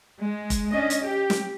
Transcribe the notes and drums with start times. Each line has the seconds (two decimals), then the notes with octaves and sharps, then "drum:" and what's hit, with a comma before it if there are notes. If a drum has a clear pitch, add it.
0.20 G#3
0.50 drum: kick F1, hi-hat
0.70 C#4 D4 D#5
0.90 drum: hi-hat
1.02 G4
1.30 drum: snare